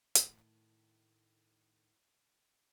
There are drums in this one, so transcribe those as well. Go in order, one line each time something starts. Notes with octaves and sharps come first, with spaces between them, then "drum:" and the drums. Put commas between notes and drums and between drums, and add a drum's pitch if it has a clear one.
A2 D#3, drum: hi-hat